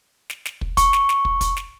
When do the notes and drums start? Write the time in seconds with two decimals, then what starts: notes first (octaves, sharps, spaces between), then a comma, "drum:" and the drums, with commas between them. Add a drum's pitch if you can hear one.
0.30 drum: snare
0.45 drum: snare
0.61 drum: kick
0.77 C#6, drum: kick, hi-hat
0.93 drum: snare
1.09 drum: snare
1.25 drum: kick
1.41 drum: kick, hi-hat
1.57 drum: snare